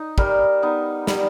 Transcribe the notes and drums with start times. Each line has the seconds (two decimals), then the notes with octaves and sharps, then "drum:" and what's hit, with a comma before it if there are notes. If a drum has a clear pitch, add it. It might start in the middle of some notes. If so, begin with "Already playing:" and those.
Already playing: D#4
0.18 G3 A#4, drum: kick
0.62 B3 D#4
1.07 G3, drum: snare